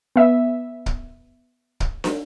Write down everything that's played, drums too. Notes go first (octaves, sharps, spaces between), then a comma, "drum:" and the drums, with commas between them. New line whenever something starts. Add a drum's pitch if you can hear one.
B3 E5
drum: kick
drum: kick
drum: snare